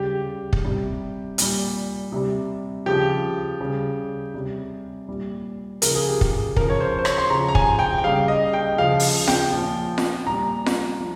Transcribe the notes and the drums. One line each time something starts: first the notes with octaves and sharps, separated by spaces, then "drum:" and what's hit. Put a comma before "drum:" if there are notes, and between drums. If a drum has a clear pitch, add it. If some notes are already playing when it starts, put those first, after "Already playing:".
Already playing: C#3 G3 G4
drum: kick
C3 G3
A#2 G3, drum: hi-hat
C3 G3
C#3 F3 G4
C#3 G3
C3 G3
A#2 G3
C#3 F3 A#4, drum: hi-hat
G#4
G4
G#4, drum: kick
C#3 F3 A#4, drum: kick
C#5
C5
C5
C#5, drum: rim click
C6
C#3 F3 A#5
A#5
G#5, drum: kick
G5
G5
C#3 G3 F5
D#5
G5
C#3 F3 F5
drum: open hi-hat
G5, drum: snare F4
A#2 F3
drum: snare F4
A#2 G3 A#5
drum: snare F4
F3